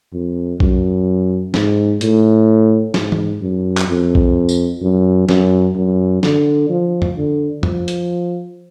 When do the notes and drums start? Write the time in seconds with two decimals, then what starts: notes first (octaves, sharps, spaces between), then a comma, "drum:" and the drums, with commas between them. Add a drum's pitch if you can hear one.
0.13 F2
0.60 F#2, drum: kick A#1
1.54 G#2, drum: snare
2.01 A2, drum: hi-hat
2.94 G#2, drum: snare
3.12 drum: tom
3.42 F#2
3.77 drum: clap
3.88 F2
4.15 drum: kick A#1
4.49 drum: tambourine
4.82 F#2
5.29 F#2, drum: snare
5.76 F#2
6.23 D3, drum: snare
6.69 F3
7.02 drum: tom
7.17 D3
7.63 F3, drum: tom
7.88 drum: hi-hat